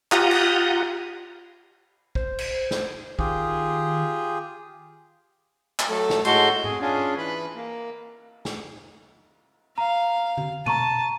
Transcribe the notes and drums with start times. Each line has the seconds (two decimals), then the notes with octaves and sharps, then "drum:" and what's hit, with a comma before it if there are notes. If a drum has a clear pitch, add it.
0.12 F4 G4 F#5 A#5 D#6, drum: clap
0.31 drum: cymbal
2.15 C5, drum: kick
2.39 drum: cymbal
2.71 drum: snare
3.19 D#3 F4 G4 G#4, drum: kick
5.79 drum: clap
5.89 F#3 A3 A4
6.10 drum: snare
6.25 A2 G#3 F#4 A4 C6 G6, drum: cymbal
6.64 G#4, drum: tom G#2
6.81 C#4 D4 F4 G#4
7.18 E3 B4 B5
7.55 A#3
8.45 drum: snare
9.78 F5 A#5
10.37 drum: tom D3
10.66 A5 A#5 C#6 D#7, drum: tom B2